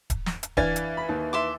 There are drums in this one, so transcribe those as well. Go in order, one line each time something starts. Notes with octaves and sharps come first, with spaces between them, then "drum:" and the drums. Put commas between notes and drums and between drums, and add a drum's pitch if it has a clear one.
drum: kick D1, hi-hat
drum: snare
drum: hi-hat
E3 D4 F5 G#5 A6, drum: kick D1
drum: hi-hat
B5
D#2
E5 C6 D6